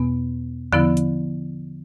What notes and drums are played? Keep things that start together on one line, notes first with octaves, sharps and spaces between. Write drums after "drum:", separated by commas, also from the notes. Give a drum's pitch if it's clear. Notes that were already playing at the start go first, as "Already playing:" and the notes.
Already playing: E2 B2 B3
D3 F3 B3 E4, drum: tom E2
drum: hi-hat